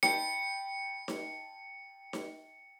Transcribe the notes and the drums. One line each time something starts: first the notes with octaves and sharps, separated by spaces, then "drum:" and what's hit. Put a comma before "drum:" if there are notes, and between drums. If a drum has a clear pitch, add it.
G5 A5 B5 C#7, drum: snare D#4
drum: snare D#4
drum: snare D#4